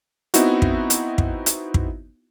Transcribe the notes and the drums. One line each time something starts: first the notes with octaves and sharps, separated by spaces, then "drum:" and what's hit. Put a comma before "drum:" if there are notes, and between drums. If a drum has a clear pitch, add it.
B3 C4 D#4 E4 F#4, drum: hi-hat
drum: kick
drum: hi-hat
drum: kick
drum: hi-hat
drum: kick